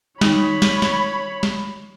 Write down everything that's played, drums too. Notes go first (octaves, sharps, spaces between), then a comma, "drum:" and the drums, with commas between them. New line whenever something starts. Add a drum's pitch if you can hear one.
D#3 G3 D#4 C#5 B5, drum: snare
drum: snare
drum: snare
drum: snare